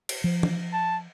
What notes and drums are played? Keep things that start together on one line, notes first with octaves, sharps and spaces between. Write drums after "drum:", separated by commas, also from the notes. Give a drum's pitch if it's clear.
drum: cymbal
F3
drum: tom
A5